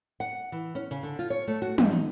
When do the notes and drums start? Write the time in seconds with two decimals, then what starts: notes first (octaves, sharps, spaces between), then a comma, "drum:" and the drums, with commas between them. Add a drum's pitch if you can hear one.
0.20 F#5
0.52 E3
0.75 C#4
0.91 C#3
1.03 D3
1.19 F4
1.30 C#5
1.48 A3
1.62 F#4
1.78 F3, drum: tom
1.91 D#4